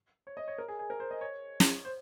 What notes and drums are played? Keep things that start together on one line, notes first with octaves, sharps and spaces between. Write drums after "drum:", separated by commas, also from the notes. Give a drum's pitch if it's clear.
C#5
D#5
C#5
A#4
G#4
G#4
A#4
C5
D#5
C#5
drum: snare
C5